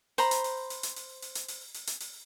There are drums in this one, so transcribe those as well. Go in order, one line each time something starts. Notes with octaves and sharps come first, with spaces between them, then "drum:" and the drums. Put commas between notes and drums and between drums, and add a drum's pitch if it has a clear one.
C5 A#5 B5, drum: open hi-hat
drum: hi-hat
drum: open hi-hat
drum: open hi-hat
drum: hi-hat
drum: open hi-hat
drum: open hi-hat
drum: hi-hat
drum: open hi-hat
drum: open hi-hat
drum: hi-hat
drum: open hi-hat